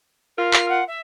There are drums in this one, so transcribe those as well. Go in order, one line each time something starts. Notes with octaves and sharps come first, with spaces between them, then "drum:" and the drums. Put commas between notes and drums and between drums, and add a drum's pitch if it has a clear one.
F4 A#4
F6, drum: clap
F#5
E5